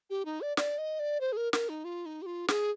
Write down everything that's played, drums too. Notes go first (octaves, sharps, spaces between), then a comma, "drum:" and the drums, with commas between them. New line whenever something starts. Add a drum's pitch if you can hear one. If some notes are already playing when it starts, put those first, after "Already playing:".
G4
D#4
D5
D5, drum: snare
D#5
D5
C5
G#4
A#4
A#4, drum: snare
D#4
F4
D#4
G4
F4
G#4, drum: snare